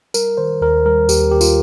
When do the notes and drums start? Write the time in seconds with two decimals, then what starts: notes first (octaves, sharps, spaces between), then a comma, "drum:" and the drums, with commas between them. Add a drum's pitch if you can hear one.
0.14 G3 A#4, drum: tambourine
0.37 D#3 C5
0.61 D#2 A#4
0.86 G3 A#4
1.09 D#2 G4, drum: tambourine
1.31 D#2 G4
1.41 F4, drum: tambourine